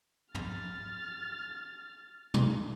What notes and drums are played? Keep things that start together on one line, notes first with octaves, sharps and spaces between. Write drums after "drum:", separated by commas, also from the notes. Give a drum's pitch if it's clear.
F6 A6, drum: tom
drum: tom